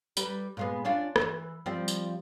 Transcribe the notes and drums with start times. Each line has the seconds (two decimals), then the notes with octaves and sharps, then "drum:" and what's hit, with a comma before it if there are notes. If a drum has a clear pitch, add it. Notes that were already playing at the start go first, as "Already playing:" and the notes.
0.17 G3 A#4 B4, drum: tambourine
0.57 A#2 G#3 B3
0.85 C#4 D4 F4
1.16 E3, drum: rim click
1.66 F3 G3 C4
1.88 drum: tambourine